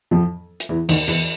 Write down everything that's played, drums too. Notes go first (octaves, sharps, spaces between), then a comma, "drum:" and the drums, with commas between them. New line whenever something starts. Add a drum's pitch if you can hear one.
F2 F3
drum: hi-hat
E2 E3
D#2 D#3, drum: cymbal
E2 E3, drum: cymbal